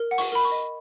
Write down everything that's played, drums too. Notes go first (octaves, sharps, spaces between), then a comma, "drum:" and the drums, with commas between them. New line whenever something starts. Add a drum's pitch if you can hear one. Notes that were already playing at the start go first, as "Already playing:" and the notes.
Already playing: A#4
F#5
C#6, drum: open hi-hat
A#4 B5
C#6
D#5